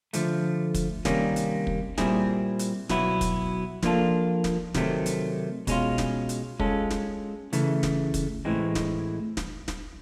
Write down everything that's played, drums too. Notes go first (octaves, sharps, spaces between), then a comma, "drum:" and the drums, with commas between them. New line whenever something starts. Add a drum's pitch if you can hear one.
D3 F3 A3, drum: hi-hat
drum: kick, hi-hat
C3 D#3 G3 A#3 C#4, drum: snare
drum: hi-hat
drum: kick
A#2 G3 C4 E4 G#4, drum: snare
drum: hi-hat
B2 F#3 B3 E4, drum: snare
drum: kick, hi-hat
F3 A#3 D4 F4 A4, drum: snare
drum: snare
C3 D#3 F#3 A3 C4, drum: snare
drum: hi-hat
B2 G#3 C#4 F4, drum: kick, hi-hat
drum: snare
drum: hi-hat
G#3 C#4 F4 A4, drum: kick
drum: snare
C#3 E3 A3, drum: hi-hat
drum: snare
drum: kick, hi-hat
A2 E3 G#3 C4
drum: snare
drum: snare
drum: snare